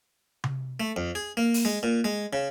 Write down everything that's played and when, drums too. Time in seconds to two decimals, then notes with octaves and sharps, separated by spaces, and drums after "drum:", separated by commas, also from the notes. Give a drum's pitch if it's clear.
0.44 drum: tom C3
0.80 A3
0.96 F2
1.15 G#4
1.37 A#3
1.54 drum: open hi-hat
1.65 G#3
1.83 A#2
2.04 G#3
2.33 C#3